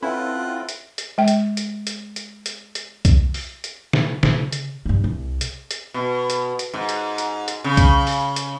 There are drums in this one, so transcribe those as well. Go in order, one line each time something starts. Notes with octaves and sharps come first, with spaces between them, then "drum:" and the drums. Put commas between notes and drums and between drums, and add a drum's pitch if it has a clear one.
C4 C#4 E4 F4 A4 B4 F#5
drum: hi-hat
drum: hi-hat
G#3 G5
drum: hi-hat
drum: hi-hat
drum: hi-hat
drum: hi-hat
drum: hi-hat
drum: hi-hat
drum: kick, hi-hat
drum: open hi-hat
drum: hi-hat
drum: snare
C#3, drum: snare
drum: hi-hat
G2 C#3
C2
drum: hi-hat
drum: hi-hat
B2
drum: hi-hat
drum: hi-hat
G#2
drum: hi-hat
drum: hi-hat
drum: hi-hat
C#3
drum: kick, hi-hat
drum: open hi-hat
drum: hi-hat